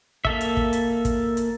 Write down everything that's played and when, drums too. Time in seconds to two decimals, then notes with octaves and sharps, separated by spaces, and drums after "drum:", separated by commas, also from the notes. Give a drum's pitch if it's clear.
0.25 A#3 A4 E5, drum: kick
0.41 drum: hi-hat
0.57 drum: kick
0.73 drum: hi-hat
1.05 drum: kick, hi-hat
1.37 drum: hi-hat